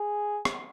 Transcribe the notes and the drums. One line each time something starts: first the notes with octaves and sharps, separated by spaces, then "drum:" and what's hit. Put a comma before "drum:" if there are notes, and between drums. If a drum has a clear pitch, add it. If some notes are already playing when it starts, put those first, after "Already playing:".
Already playing: G#4
drum: rim click